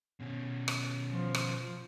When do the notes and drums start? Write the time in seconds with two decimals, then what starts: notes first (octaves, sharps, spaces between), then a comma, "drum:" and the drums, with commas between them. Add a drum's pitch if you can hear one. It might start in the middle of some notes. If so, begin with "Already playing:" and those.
0.20 B2 C#4
0.68 drum: rim click
1.12 F3
1.35 drum: rim click